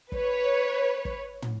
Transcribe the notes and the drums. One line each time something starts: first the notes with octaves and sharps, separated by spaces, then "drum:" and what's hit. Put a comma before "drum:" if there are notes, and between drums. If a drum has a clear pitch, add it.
B4 C#5, drum: kick
drum: kick
drum: tom